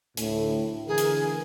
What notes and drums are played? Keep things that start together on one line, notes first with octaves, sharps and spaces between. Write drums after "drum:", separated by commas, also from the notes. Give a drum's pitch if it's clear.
D2 A2, drum: hi-hat
D3 E3 G#4 A#4
drum: hi-hat